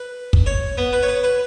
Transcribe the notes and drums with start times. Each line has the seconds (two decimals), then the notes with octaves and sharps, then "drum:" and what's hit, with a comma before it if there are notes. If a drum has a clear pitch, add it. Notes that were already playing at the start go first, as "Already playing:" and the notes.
Already playing: B4
0.33 drum: kick
0.46 C#5
0.77 B3
0.93 B4
1.03 C#5
1.08 B4
1.24 B4